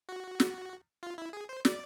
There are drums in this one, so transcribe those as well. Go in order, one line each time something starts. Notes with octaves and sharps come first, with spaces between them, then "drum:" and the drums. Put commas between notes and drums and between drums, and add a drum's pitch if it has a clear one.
F#4
drum: snare
F4
E4
G#4
C5
D5, drum: snare